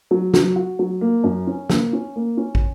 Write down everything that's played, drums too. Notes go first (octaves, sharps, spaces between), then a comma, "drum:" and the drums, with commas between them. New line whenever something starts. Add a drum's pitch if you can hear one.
F#3
F#3, drum: snare
F#4
F#3
A#3
F#2
C#4
A#3, drum: snare
C#4
A#3
C#4
drum: kick